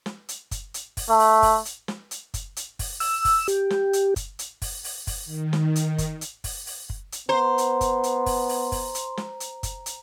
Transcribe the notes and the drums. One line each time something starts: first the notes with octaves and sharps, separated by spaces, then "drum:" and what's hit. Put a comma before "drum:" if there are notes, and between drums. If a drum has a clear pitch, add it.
drum: snare
drum: hi-hat
drum: kick, hi-hat
drum: hi-hat
drum: kick, open hi-hat
A3
drum: open hi-hat
drum: kick, open hi-hat
drum: hi-hat
drum: snare
drum: hi-hat
drum: kick, hi-hat
drum: hi-hat
drum: kick, open hi-hat
E6, drum: open hi-hat
drum: kick, open hi-hat
G4, drum: hi-hat
drum: snare
drum: hi-hat
drum: kick, hi-hat
drum: hi-hat
drum: kick, open hi-hat
drum: open hi-hat
drum: kick, open hi-hat
D#3
drum: snare
drum: hi-hat
drum: kick, hi-hat
drum: hi-hat
drum: kick, open hi-hat
drum: open hi-hat
drum: kick
drum: hi-hat
B3 C5 A#5 C6
drum: hi-hat
drum: kick, hi-hat
drum: hi-hat
drum: kick, open hi-hat
drum: open hi-hat
drum: kick, open hi-hat
drum: hi-hat
drum: snare
drum: hi-hat
drum: kick, hi-hat
drum: hi-hat